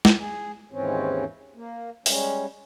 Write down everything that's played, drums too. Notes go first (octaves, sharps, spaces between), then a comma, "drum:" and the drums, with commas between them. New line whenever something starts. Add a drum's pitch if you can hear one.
drum: snare
G#4
D#2 G#2 E3 C4 C#4
A#3
G3 G#3 C#4, drum: open hi-hat